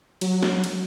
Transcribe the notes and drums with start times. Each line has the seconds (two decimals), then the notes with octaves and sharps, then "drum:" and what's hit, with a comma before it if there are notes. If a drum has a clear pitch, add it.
0.21 F#3, drum: cymbal
0.42 drum: snare
0.64 drum: cymbal